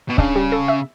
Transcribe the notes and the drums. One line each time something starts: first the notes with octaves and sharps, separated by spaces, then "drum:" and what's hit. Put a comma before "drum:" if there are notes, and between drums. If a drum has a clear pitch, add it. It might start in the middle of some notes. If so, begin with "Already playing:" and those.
B2
C#3 D4, drum: kick C#1
G3
A4
E5